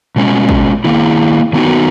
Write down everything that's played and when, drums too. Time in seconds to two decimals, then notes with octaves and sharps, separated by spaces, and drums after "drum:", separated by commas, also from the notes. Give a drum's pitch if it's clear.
0.16 B2 G#3 C#4
0.49 drum: kick
0.84 D#3 A#3 E4
1.53 D#3 F#3 B3 D#4 F#4